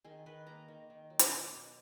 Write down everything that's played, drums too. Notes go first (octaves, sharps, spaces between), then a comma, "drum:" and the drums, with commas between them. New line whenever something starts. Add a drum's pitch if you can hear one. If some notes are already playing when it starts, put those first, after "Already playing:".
D#3 G#4
D#3 B4
A#3 A#5
D#3
D#3
F#3
drum: hi-hat
B2 D6
B2